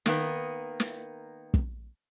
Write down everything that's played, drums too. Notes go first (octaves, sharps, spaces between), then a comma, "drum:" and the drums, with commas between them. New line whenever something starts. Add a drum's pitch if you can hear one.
D#3 A#3 B3, drum: snare
drum: snare
drum: kick